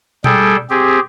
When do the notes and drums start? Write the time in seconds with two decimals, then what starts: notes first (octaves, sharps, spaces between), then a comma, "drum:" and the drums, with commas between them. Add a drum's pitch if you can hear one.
0.24 G3 G#4 A4 G5, drum: tom B2
0.70 C4 G4 G#4